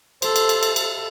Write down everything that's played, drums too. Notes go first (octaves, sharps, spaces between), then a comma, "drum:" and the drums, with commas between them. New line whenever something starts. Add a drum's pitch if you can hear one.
A4 C5, drum: cymbal
drum: cymbal
drum: cymbal
drum: cymbal
drum: cymbal